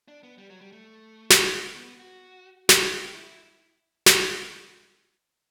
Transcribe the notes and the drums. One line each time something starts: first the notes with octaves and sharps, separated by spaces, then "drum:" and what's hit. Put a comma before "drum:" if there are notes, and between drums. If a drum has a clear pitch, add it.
D4
B3
G3
F#3
G3
A3
drum: snare
B3
F#4
E4, drum: snare
G4
E4
drum: snare